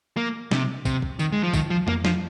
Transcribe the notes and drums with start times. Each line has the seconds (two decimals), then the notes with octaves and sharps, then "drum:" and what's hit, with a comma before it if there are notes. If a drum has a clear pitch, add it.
0.17 A#3
0.51 C3, drum: snare
0.85 C3, drum: kick, tambourine
1.02 drum: kick
1.19 D#3, drum: tambourine
1.32 G#3
1.43 F3
1.54 D#3, drum: kick, tambourine
1.70 F3
1.88 A#3, drum: tom F2
2.05 F3, drum: snare